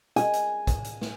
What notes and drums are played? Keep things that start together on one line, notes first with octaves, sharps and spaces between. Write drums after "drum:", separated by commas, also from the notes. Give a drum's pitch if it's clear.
G#5, drum: hi-hat
drum: hi-hat
drum: kick, hi-hat
drum: hi-hat
drum: snare